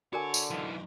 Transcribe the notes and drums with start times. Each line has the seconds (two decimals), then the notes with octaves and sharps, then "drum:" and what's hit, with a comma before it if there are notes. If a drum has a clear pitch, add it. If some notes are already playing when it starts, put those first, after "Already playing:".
0.13 D3 F#4 A#4 C#5 D5 G#5
0.34 drum: tambourine
0.51 F#2 E3 D#4 F4 C6